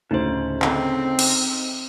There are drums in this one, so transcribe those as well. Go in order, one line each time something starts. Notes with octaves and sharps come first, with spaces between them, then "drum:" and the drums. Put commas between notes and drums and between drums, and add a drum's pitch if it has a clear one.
D2 A2 C#3 D#4 C5
C4 G#4 A4 D#5, drum: clap
drum: cymbal